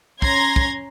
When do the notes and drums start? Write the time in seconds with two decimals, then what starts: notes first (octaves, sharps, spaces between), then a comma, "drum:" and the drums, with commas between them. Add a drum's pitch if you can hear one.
0.22 C#4 A#5 C6 G#6 A#6, drum: kick
0.56 drum: kick